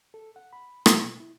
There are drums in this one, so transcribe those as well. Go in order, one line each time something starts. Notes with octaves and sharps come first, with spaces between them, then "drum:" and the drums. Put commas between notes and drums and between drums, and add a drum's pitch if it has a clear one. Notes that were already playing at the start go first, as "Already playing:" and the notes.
A4
F#5
B5
B5, drum: rim click
B2
E4